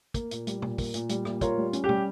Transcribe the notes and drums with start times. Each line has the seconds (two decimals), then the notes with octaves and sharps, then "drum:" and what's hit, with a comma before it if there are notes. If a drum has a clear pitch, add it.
0.14 A#3, drum: kick, hi-hat
0.31 A#2, drum: hi-hat
0.47 G3, drum: hi-hat
0.62 A#2, drum: tom
0.78 A#3, drum: kick, open hi-hat
0.94 A#2, drum: hi-hat
1.09 G3, drum: hi-hat
1.25 A#2, drum: rim click
1.41 F4 A#4 C#5, drum: kick, hi-hat
1.58 G3
1.73 C#4, drum: hi-hat
1.84 G4
1.89 G3, drum: tom